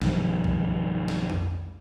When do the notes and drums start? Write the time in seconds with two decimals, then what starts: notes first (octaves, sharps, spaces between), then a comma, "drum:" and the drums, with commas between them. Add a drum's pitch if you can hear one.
0.02 B1 G2 D#3 F3, drum: snare
0.44 drum: kick C2
1.08 drum: snare
1.30 drum: tom F2